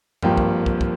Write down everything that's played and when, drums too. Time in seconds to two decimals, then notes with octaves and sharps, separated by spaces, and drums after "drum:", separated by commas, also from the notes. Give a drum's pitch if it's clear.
0.22 G#1 G2 F3 A#3 G5, drum: tom E2
0.37 drum: kick
0.66 drum: kick
0.81 drum: kick